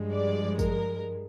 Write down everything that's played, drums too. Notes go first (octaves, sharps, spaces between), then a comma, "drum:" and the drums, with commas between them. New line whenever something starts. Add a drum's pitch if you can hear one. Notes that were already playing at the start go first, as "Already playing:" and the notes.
Already playing: G2 F3 G#3
D5
A#4, drum: kick, tambourine